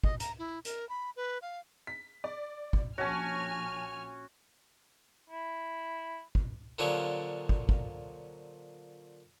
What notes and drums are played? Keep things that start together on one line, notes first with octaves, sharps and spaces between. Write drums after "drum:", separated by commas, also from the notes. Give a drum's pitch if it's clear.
D#5, drum: kick
A#5, drum: hi-hat
E4
A#4, drum: hi-hat
B5
B4
F5
B6
D5
drum: kick
A#1 C#4 F#4 C#5 G#5 A5 F6
E4
drum: kick
A#2 D3 F3 F#3 D4 G4
drum: kick
drum: kick